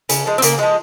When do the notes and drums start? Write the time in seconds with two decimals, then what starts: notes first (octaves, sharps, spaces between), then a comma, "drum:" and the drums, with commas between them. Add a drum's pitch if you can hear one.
0.09 C#3, drum: hi-hat
0.26 F3 G#3
0.38 C4
0.42 C#3 A#3, drum: hi-hat
0.59 F3 G#3